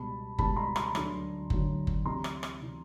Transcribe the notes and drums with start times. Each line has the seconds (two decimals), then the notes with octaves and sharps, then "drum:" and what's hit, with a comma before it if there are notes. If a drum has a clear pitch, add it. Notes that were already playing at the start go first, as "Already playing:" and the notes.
Already playing: C#2 B2 G3 A5 B5
0.38 C#2 B2 G3 A5 B5, drum: kick F#1
0.56 A#5 C6
0.76 A#5 C6, drum: rim click
0.95 D2 D3 F#3, drum: rim click
1.50 D2 D3 F#3, drum: kick F#1
1.87 drum: kick F#1
2.05 D2 C3 E3 A#5 C6
2.24 drum: rim click
2.43 drum: rim click
2.62 C3 E3